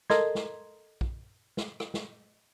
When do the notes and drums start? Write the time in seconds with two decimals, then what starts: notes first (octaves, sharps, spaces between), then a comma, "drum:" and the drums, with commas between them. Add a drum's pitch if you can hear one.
0.10 A4 A#4 D#5 A#5 C6 G#6, drum: snare
0.35 drum: snare
1.01 drum: kick A#1
1.57 drum: snare
1.80 drum: rim click
1.94 drum: snare